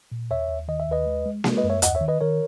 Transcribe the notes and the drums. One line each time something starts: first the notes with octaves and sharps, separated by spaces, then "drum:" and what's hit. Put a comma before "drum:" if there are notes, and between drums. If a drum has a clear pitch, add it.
A#2
D#2 C#5 E5
D#2
D#3 D#5
E5
D#2 B4 D#5
G#3
G#3
G#3, drum: snare A#3
B4 D#5
F#2
C#5 E5
D#2 D#5 F#5, drum: hi-hat
C#5 E5
D#3
B4 D#5
D#3 A#4 C#5